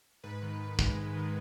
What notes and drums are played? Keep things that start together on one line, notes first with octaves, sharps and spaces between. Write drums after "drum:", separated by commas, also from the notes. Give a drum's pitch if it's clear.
G#2 B4
D#3
G#2
G#3, drum: kick
G#2
D#3